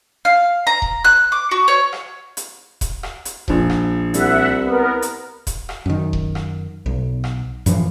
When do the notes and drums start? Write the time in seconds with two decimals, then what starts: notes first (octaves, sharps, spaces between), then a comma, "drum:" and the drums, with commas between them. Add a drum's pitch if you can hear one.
0.25 F5
0.67 A#5
0.82 drum: kick D#1
1.04 F#6, drum: rim click
1.32 D6
1.51 F#4
1.68 C#5
1.93 drum: rim click
2.37 drum: hi-hat
2.81 drum: kick D#1, hi-hat
3.03 drum: rim click
3.25 drum: hi-hat
3.48 A#1 F3, drum: kick D#1
3.70 drum: rim click
4.14 C2 E5 F#5, drum: hi-hat
4.64 B3 A#4
5.02 drum: hi-hat
5.47 drum: kick D#1, hi-hat
5.69 drum: rim click
5.86 F#2 D#3
6.13 drum: kick D#1
6.35 drum: rim click
6.86 B1
7.24 drum: rim click
7.66 F#2 A2 E3 F3, drum: hi-hat